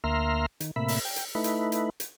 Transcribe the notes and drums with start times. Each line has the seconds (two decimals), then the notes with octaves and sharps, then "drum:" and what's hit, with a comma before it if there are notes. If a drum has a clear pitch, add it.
0.04 D2 A#3 E5 A#5 C6 F6
0.60 D#3, drum: hi-hat
0.76 A2 C3 A#3 E5 B5
0.88 drum: open hi-hat
1.05 G5
1.16 drum: hi-hat
1.35 A3 D#4 E4 B4
1.44 drum: hi-hat
1.72 drum: hi-hat
2.00 drum: hi-hat